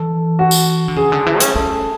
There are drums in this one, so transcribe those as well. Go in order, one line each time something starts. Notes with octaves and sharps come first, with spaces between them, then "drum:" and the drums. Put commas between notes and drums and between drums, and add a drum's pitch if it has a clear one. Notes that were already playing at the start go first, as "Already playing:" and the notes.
Already playing: E3 A4
F#4
drum: tambourine
D3
C#3 G#4
D3
E3
C#4, drum: hi-hat
C#4 A4